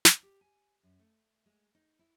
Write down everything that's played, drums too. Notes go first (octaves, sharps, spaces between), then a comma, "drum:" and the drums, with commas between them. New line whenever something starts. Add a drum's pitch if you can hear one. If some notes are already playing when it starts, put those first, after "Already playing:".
drum: snare
G4
G#5
F#2
A3
G#3
D#4
E4